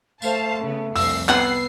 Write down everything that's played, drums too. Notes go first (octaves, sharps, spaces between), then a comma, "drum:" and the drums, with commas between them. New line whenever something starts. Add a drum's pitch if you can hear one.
A3 C5 F5 A5, drum: tambourine
C#3 B3
C2 F2 E6 C7, drum: open hi-hat
B3 F#5 C7, drum: clap